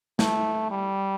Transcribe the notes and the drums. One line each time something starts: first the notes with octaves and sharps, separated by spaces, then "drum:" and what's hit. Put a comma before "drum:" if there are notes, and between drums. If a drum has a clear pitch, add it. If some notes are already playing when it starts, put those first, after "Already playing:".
A3, drum: snare
G3